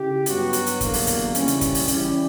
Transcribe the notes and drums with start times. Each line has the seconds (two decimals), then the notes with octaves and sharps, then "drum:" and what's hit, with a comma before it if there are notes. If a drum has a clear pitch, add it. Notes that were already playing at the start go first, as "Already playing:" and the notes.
Already playing: C#3 E4 G4
0.26 G2 F#3 B3 F#4, drum: hi-hat
0.53 drum: hi-hat
0.66 drum: hi-hat
0.81 E2 D3 F#3 A#3, drum: kick, hi-hat
0.93 drum: open hi-hat
1.07 drum: hi-hat
1.35 C#3 E3 G3 C#4, drum: hi-hat
1.48 drum: hi-hat
1.61 drum: kick, hi-hat
1.75 drum: open hi-hat
1.88 E3 G3 C#4 E4 G4, drum: hi-hat